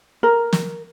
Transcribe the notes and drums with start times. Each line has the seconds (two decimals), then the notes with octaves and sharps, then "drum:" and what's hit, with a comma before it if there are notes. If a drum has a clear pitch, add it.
0.23 A#4
0.53 drum: snare